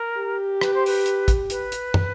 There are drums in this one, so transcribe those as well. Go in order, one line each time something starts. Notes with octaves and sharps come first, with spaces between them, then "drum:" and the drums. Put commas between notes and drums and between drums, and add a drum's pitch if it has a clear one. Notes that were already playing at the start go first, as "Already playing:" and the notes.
Already playing: A#4
G4
B4, drum: rim click
C5
B4, drum: open hi-hat
drum: hi-hat
drum: kick, hi-hat
B4, drum: hi-hat
drum: hi-hat
drum: tom